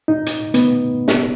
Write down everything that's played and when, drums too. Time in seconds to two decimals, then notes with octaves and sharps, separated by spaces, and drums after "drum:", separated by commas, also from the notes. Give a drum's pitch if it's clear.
0.08 D#4
0.26 drum: hi-hat
0.54 B3, drum: hi-hat
1.08 drum: snare